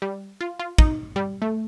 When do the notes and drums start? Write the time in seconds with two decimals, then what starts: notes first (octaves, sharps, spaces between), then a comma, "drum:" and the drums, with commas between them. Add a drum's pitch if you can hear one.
0.02 G3
0.41 F4
0.59 F4
0.78 D#4, drum: kick
1.16 G3
1.42 A3